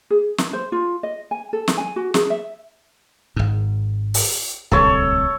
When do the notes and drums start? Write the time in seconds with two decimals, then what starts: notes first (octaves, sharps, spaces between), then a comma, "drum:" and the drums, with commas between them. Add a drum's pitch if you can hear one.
0.10 G#4
0.38 drum: snare
0.53 C5
0.72 F4
1.03 D#5
1.31 G#5
1.53 A4
1.68 drum: snare
1.77 G#5
1.96 F#4
2.14 G#4, drum: snare
2.30 E5
3.36 G#1 G#2
4.14 drum: open hi-hat
4.71 D1 C2 C3 A4 C#5